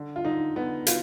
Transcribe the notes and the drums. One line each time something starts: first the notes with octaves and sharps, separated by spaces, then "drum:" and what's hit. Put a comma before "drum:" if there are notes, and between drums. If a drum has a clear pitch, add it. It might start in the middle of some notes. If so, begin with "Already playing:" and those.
Already playing: D3
F4
D3 D#4
D3 B3
F#3 F4, drum: hi-hat